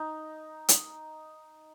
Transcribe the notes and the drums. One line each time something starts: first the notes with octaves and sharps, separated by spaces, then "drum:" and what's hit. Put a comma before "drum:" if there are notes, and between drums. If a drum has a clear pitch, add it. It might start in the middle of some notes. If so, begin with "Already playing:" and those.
Already playing: D#4
drum: hi-hat